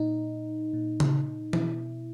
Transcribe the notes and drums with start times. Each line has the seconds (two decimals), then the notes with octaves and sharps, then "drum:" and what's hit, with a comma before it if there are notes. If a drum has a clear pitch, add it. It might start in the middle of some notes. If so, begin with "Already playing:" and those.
Already playing: A#2 D#4
0.73 A#2
1.00 drum: tom C#3
1.53 B2 E4, drum: tom E3